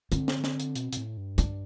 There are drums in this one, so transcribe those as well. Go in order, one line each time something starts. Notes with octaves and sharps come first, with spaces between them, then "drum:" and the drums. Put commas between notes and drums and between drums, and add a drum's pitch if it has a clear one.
D3 C4, drum: hi-hat
drum: snare
drum: snare
drum: hi-hat
B2, drum: hi-hat
B2, drum: hi-hat
A2
G2
D4, drum: hi-hat